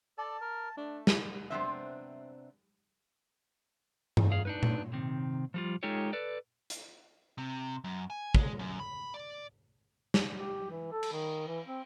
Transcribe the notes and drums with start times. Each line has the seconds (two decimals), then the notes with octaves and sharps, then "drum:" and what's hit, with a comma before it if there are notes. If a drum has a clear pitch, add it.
0.18 A4 D5 A5
0.41 A#4
0.77 A3 D4
1.07 E4, drum: snare
1.50 C3 B3 C4 D4 C5 E5
4.17 drum: tom G2
4.32 G#4 F5
4.45 D4 D#4 B4
4.63 drum: tom A#2
4.93 C3 D#3 C4
5.54 F3 G3 F4
5.83 G#3 D#4 F4 G4 A4 C#5
6.13 A4 B4 D5
6.70 drum: hi-hat
7.38 C3
7.84 F#2
8.10 G#5
8.35 G#3, drum: kick
8.59 F#2
8.80 B5
9.14 D5
10.14 drum: snare
10.34 G4
10.70 E3
10.92 A4
11.03 drum: cymbal
11.12 D#3
11.47 E3
11.66 C4